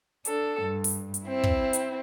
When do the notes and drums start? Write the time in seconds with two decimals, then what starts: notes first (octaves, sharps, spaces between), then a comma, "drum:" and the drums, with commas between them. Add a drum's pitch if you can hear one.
0.25 D4 A4, drum: hi-hat
0.61 G2
0.84 drum: open hi-hat
1.14 drum: hi-hat
1.25 C4 E4
1.43 drum: kick
1.73 drum: hi-hat